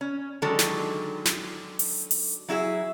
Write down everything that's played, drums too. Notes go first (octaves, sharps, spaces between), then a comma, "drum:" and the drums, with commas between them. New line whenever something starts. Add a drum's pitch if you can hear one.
C#4
D3 D#3 F#3 G#3 A4
drum: snare
drum: snare
drum: open hi-hat
drum: open hi-hat
F#3 E4 G#4 E5